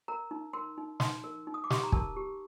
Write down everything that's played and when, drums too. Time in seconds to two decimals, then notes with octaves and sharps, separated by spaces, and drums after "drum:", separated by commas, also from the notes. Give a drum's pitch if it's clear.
0.08 A#4 A#5
0.31 D#4
0.53 A#4 C6
0.77 D#4
1.00 D#4 C6, drum: snare
1.24 A#4
1.47 D#4
1.54 D#6
1.64 D6
1.70 G4 C6, drum: snare
1.83 A#5
1.92 A#4 A5, drum: kick
2.16 G4